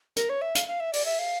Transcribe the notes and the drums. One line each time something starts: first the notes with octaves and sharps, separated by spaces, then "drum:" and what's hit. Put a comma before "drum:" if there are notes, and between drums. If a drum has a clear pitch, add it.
A#4, drum: hi-hat
C#5
E5
F5, drum: hi-hat
F5
E5
D5, drum: open hi-hat
E5
F5